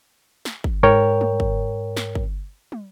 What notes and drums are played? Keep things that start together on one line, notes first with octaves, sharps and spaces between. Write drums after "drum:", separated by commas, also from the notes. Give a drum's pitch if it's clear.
drum: snare
drum: kick
G#2 A#4 C#5 G5
drum: tom
drum: kick
drum: snare
drum: kick
drum: tom